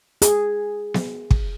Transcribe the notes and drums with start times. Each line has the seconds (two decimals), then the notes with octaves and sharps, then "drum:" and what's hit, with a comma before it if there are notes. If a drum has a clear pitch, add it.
0.22 G#4, drum: hi-hat
0.94 drum: snare B3
1.31 drum: kick